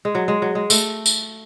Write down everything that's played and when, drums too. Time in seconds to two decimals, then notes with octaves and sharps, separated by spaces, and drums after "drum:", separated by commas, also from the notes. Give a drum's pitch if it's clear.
0.05 G#3
0.15 F#3
0.28 G#3
0.42 F#3
0.55 G#3
0.70 A3, drum: tambourine
1.06 drum: tambourine